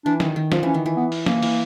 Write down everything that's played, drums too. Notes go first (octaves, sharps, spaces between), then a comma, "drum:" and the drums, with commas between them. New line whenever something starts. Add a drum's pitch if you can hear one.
E3 D4
D#3, drum: snare
D#3
F3, drum: snare
E3 C#4
D#3
E3
B3
drum: open hi-hat
E3 A#3, drum: snare
E3, drum: open hi-hat